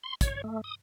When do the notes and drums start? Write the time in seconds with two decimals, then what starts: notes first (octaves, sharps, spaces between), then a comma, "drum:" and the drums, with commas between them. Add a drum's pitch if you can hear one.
0.04 C6
0.21 C#5, drum: kick, hi-hat
0.44 A3
0.64 D#6